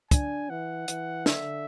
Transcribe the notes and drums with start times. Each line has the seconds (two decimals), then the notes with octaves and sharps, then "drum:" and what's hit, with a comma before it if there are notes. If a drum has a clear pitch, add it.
0.11 D4 G#5, drum: kick, hi-hat
0.50 E3 F#5
0.88 E3, drum: hi-hat
1.26 D3 E5, drum: snare